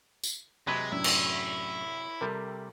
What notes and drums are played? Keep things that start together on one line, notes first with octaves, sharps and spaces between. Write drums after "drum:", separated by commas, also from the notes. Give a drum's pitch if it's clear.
drum: tambourine
C3 F#3 G#3 B4 B5 G#6 A6
F#2 A2 D4 E4
drum: cymbal
C3 G3 A4 A#4